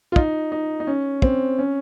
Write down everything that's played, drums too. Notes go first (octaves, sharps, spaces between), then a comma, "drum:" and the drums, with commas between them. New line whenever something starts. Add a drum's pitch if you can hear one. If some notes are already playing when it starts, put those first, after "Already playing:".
F4
D#4, drum: kick
D#4
D#4
C#4
C4, drum: kick
C#4